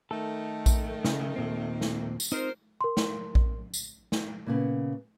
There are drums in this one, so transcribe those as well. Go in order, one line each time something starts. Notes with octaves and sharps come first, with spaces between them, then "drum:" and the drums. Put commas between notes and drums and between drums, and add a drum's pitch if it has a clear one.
D#3 A3 A4
drum: kick A#1, tambourine
C#3, drum: snare
D#2 A#2 C4
drum: snare
drum: tambourine
C4 D#4 F4 A#4 C5 D#5
A#4 C6
drum: snare
drum: kick A#1
drum: tambourine
drum: snare
A#2 C#3 B3